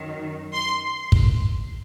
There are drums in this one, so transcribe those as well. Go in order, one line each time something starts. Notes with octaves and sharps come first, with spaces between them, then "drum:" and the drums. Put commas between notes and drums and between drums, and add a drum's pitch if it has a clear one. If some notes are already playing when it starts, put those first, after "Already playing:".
Already playing: F#2 D#3 F#3
C6
drum: kick